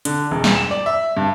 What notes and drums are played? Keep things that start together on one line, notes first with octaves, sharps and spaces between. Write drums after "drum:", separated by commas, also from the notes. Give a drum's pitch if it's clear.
D3, drum: hi-hat
E1
drum: snare
E7
D5
E5
G2